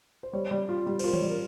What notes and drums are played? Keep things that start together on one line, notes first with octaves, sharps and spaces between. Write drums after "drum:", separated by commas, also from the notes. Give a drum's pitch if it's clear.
C5
G3 C#5
G3
F4
G3
C5, drum: cymbal
F4 A#4
C#5, drum: tom
G3
A#4